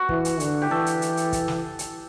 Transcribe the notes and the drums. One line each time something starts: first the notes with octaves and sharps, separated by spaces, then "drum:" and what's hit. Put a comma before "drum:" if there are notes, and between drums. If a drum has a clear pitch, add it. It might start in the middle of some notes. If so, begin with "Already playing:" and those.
Already playing: F#4
E3, drum: kick
drum: hi-hat
D3, drum: hi-hat
G4
E3 A4
drum: hi-hat
drum: hi-hat
drum: hi-hat
drum: kick, hi-hat
drum: snare
drum: hi-hat